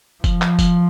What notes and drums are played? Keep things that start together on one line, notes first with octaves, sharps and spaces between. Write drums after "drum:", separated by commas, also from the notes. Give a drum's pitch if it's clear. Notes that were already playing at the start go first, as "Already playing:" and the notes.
F3, drum: kick F1, tambourine
drum: clap
drum: kick F1, tambourine